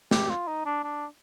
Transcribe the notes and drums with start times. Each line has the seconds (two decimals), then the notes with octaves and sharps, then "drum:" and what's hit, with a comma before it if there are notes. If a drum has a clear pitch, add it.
0.11 G4, drum: snare
0.29 F4
0.48 D#4
0.65 D4
0.84 D4